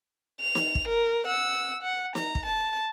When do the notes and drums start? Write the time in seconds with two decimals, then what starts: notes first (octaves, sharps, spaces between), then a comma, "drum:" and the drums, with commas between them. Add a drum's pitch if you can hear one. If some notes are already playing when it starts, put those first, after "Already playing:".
0.40 F7
0.55 drum: snare
0.75 drum: kick
0.87 A#4
1.26 F#5 E6
1.82 F#5
2.15 A#5, drum: snare
2.35 drum: kick
2.45 A5